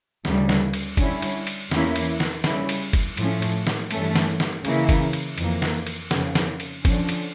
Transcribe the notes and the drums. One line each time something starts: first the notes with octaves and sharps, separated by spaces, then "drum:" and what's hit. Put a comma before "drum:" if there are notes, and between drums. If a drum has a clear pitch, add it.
D2 C#3 G3, drum: snare
drum: snare
drum: cymbal
D3 G3 C#4 E4, drum: kick, cymbal
drum: cymbal
drum: cymbal
E2 E3 A#3 C#4 E4, drum: snare
drum: cymbal
drum: snare
C#3 G3 C#4 E4, drum: snare
drum: cymbal
drum: kick, cymbal
A2 F3 A3 C#4, drum: cymbal
drum: cymbal
drum: snare
G2 E3 A3 C#4, drum: cymbal
drum: snare
drum: snare
C#3 E3 A#3 E4, drum: cymbal
drum: kick, cymbal
drum: cymbal
F2 E3 A#3, drum: cymbal
drum: snare
drum: cymbal
F2 C#3 F3, drum: snare
drum: snare
drum: cymbal
D3 F3 C#4, drum: kick, cymbal
drum: cymbal